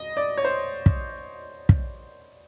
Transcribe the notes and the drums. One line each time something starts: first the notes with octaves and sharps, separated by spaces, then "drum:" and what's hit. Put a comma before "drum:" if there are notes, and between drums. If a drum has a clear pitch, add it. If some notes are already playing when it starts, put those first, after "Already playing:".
Already playing: D#5
D5
C#5
C5
drum: kick
drum: kick